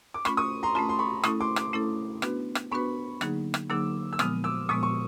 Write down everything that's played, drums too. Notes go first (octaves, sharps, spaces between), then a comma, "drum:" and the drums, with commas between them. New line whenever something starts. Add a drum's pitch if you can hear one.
D6
A3 C#4 F4 B5 C#6, drum: rim click
C#6 D#6
A#5 C6
A3 C#4 F4 A5 B5
C6
B5 C#6
A3 C#4 E4 A4 C#6 D#6, drum: rim click
C6 D6
C6 D6, drum: rim click
A3 C#4 E4 A4
B3 D4 F#4 B4, drum: rim click
drum: rim click
B3 D4 F#4 B4 B5 C#6
D3 F#3 A#3 D#4 G#4, drum: rim click
drum: rim click
D3 F#3 A#3 D#4 G#4 D6 E6
E6
A#2 F3 G#3 B3 D#6 F6, drum: rim click
D6 E6
A#2 F3 G#3 B3 C#6 D#6
C#6